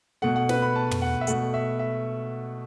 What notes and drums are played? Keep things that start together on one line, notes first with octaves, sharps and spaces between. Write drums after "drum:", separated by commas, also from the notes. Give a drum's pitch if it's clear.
B2 A3 F#5
F#5
B4, drum: snare
B5
A5
drum: tom
F#5
E5
B2 A3 F#5, drum: hi-hat
E5
E5